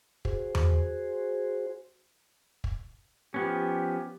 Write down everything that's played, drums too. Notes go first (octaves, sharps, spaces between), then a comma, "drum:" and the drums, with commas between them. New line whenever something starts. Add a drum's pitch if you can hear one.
F#4 G#4 C5, drum: kick
drum: tom E2
drum: kick
F3 B3 C#4 G4